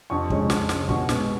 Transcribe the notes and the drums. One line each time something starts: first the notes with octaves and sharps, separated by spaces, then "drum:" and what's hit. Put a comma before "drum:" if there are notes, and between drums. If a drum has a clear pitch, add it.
F2 C#6
C#3 G#3, drum: kick
F2, drum: snare
G#3, drum: snare
C#3
B2 C#6, drum: kick
G#3 B3, drum: snare